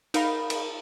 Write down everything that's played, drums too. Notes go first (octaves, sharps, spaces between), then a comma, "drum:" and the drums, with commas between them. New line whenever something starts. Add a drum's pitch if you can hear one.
D#4 A#4 F5 B5, drum: cymbal
drum: cymbal